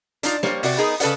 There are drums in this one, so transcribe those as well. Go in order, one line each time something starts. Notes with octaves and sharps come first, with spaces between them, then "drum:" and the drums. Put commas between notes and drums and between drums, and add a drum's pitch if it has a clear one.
D4 D#4 F4, drum: hi-hat
G3 A#3 C5 C#5, drum: snare
C3 F#4 D5, drum: open hi-hat
B3 D#4 G#4 A#4
C#3 A4 B4 D5 F#5, drum: hi-hat